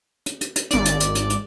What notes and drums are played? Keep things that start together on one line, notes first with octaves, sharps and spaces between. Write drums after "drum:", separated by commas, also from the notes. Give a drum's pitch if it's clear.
drum: hi-hat
drum: hi-hat
drum: hi-hat
G#1 D5, drum: hi-hat
drum: hi-hat
drum: hi-hat
drum: hi-hat
drum: hi-hat